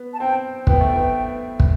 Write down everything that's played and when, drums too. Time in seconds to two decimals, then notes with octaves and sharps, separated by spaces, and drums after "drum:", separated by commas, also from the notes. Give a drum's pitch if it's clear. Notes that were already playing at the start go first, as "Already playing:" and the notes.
Already playing: B3
0.13 A5
0.20 C4 G5
0.67 B3 G5, drum: kick
0.81 A3
0.94 B3
1.60 drum: kick